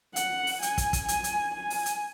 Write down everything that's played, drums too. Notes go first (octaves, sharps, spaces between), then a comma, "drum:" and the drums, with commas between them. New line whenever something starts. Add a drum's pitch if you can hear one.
F#5, drum: hi-hat
drum: open hi-hat
G#5, drum: hi-hat
drum: kick, hi-hat
drum: kick, hi-hat
G#5, drum: hi-hat
drum: hi-hat
G#5
drum: open hi-hat
drum: hi-hat